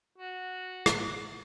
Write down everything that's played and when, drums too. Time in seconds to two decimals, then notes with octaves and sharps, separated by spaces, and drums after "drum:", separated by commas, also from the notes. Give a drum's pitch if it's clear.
0.18 F#4
0.86 drum: rim click